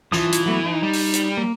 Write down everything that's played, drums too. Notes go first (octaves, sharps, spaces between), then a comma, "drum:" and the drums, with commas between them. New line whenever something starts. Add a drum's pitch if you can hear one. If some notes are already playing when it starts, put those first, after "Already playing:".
E3 F4 A5 D#6, drum: snare
drum: hi-hat
F#3 A3 B3
D#4
G3
drum: open hi-hat
drum: hi-hat
A#3